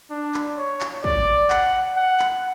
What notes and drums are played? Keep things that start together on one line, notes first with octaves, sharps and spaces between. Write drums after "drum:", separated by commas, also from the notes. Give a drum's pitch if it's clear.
D4
drum: clap
C#5
drum: clap
D5, drum: kick
F#5, drum: clap
F#5
drum: clap